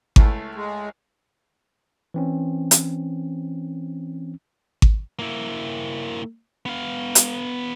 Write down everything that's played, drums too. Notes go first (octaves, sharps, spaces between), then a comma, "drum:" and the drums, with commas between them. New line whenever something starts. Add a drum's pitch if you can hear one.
C#2 A3 E4, drum: kick G#1
G#3
E3 C4 C#4
drum: hi-hat
drum: kick G#1
A#3 E4
B3 F5
drum: hi-hat